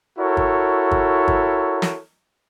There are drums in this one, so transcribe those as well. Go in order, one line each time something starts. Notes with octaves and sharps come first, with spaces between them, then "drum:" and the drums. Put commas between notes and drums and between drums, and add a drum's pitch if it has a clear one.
E4 F#4 A4 A#4 C#5
drum: kick
drum: kick
drum: kick
drum: snare